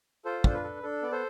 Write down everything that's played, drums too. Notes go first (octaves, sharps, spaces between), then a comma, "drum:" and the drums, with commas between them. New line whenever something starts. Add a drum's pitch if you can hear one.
F4 A4 C5
D4 C5, drum: kick
B4
A4
D4 A4
B3 D5
A4 C5